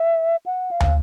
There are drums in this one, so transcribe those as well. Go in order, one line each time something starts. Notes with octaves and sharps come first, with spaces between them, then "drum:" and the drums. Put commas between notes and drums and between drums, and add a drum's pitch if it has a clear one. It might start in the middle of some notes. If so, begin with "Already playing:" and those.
Already playing: E5
F#5
F5
drum: tom